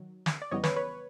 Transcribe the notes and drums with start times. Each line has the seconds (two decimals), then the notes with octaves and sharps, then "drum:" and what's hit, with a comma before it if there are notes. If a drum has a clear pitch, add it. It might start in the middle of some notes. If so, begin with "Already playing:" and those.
Already playing: D#3 F#3
0.26 drum: snare
0.42 D5
0.51 F2 C#3 E3 G3 B3 C#5 D#5
0.64 B4 C#5, drum: snare
0.76 B4 C#5